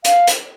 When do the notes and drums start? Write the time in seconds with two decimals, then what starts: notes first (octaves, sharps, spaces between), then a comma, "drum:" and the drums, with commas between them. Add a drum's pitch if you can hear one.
0.04 F5, drum: hi-hat
0.27 drum: hi-hat